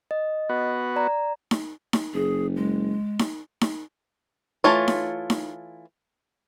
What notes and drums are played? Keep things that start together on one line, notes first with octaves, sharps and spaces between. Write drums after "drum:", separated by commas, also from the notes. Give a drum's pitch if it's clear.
D#5
B3 F#4
D5 A#5
drum: snare D#4
drum: snare D#4
F#1 G#4
G#3
drum: snare D#4
drum: snare D#4
E3 A3 F4 C#5
drum: snare D#4
drum: snare D#4